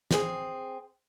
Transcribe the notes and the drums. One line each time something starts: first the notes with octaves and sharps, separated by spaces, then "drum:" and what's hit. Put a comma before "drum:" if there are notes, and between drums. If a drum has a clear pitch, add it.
C4 G#4, drum: snare